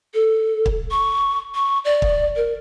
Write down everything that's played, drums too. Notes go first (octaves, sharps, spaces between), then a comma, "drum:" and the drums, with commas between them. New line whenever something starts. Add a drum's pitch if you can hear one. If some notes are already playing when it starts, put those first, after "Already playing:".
A4
drum: kick
C#6
C#6
D5
drum: kick
A#4